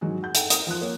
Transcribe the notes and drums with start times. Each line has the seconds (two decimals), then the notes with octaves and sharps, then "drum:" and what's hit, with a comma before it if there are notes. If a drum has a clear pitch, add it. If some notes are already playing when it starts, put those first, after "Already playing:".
0.01 G#2 D#3 F#3 D#4 F#4 G#4
0.23 F#5 G6
0.35 D#4 A4 F#5 G5, drum: hi-hat
0.50 A#4 D#6, drum: hi-hat
0.67 F3 F4 F#6
0.81 A#3 C#5